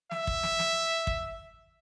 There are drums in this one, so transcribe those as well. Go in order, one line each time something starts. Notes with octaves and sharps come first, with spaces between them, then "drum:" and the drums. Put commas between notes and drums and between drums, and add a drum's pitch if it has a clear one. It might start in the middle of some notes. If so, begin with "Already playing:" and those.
E5, drum: snare
drum: kick
drum: snare
drum: snare
drum: kick